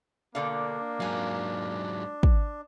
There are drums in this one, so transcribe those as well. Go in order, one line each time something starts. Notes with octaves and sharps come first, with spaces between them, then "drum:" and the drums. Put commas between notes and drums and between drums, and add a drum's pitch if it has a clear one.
B2 D3 A#3 D4 F5
G#2 F#3 F5 G#5
drum: kick